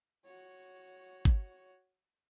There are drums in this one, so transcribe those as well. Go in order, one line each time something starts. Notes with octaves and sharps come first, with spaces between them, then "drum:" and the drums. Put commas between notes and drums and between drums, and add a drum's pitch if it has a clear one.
F#4 C#5
drum: kick